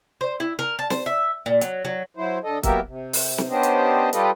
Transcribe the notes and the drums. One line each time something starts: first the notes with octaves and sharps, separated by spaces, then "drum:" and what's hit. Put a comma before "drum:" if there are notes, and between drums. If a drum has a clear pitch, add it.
C5
E4
A#4
A5
C5, drum: snare
E5
A#2
F#3, drum: hi-hat
F#3
F#3 E4 C5
D3 A4 D#5
F#3 A#3 B3 G4 A#4 E5, drum: kick, hi-hat
C3
drum: open hi-hat
drum: snare
B3 C#4 D4 G4 C5 D#5
drum: hi-hat
G3 F4 G4 A4 B4 D#5, drum: hi-hat